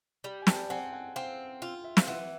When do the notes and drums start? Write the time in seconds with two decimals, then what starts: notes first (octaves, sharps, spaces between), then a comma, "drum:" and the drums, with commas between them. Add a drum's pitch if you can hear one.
0.24 G3
0.42 G#5
0.47 G5 A5, drum: snare
0.70 C4 F#5 G#5
0.93 F#5 G#5
1.16 C4 F5 G5
1.62 F4
1.84 E5
1.97 F5, drum: snare
2.07 E3 E5 F#5